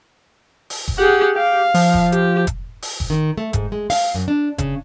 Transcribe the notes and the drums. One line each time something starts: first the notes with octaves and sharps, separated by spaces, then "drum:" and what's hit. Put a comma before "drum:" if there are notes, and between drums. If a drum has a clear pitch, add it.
drum: open hi-hat
drum: kick F1
G4 G#4 F#5
G4 F5
F3, drum: open hi-hat
drum: kick F1
G4, drum: hi-hat
drum: kick F1, hi-hat
drum: open hi-hat
drum: kick F1
D#3
A3
G#2, drum: kick F1, hi-hat
G#3
F5, drum: open hi-hat
F#2
D4
C#3, drum: kick F1, hi-hat